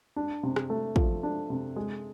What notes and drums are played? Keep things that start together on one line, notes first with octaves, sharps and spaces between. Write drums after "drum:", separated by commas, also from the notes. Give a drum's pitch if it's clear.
D4
C3
drum: rim click
A3
F3, drum: kick
D4
C3
G#3